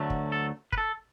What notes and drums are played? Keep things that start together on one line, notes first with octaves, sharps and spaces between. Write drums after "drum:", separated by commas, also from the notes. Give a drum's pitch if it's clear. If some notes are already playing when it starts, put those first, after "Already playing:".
Already playing: D2 D3 F#3 A3
drum: kick
A4
B4, drum: kick
A4